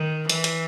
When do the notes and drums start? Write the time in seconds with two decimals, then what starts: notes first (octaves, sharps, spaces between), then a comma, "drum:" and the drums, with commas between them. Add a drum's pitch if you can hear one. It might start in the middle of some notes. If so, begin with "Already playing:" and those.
Already playing: D#3
0.30 E3, drum: hi-hat
0.44 drum: hi-hat